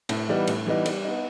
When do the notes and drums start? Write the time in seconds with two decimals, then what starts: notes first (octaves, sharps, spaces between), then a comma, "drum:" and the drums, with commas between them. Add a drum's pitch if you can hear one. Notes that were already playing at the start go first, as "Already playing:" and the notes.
0.09 A2, drum: cymbal
0.29 E3 G3 B3 D#4
0.47 A2, drum: cymbal
0.66 E3 G3 B3 D#4
0.86 G3, drum: cymbal
1.05 B3 D#4